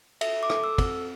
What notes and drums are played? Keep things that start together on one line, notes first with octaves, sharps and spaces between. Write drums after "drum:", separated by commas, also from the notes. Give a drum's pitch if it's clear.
A4 E5, drum: cymbal
D6
A4, drum: rim click
E6
C4, drum: kick, cymbal